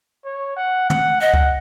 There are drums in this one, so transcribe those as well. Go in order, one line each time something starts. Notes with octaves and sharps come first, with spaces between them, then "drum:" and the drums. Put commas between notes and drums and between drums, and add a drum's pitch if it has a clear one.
C#5
F#5
F#5, drum: tom
D#5 F#5
drum: kick C#2